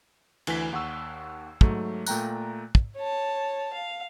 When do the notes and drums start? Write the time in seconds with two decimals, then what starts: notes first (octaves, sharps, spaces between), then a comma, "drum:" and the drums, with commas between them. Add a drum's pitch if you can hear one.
0.47 D2 E3 G#5 B6, drum: cymbal
0.72 D#2 F#5 C#6 E6
1.61 G#2 F#3 A3, drum: kick
2.06 A#2 A3 G5 A#5 F#6, drum: tambourine
2.75 drum: kick
2.96 C#5 A5
3.72 F5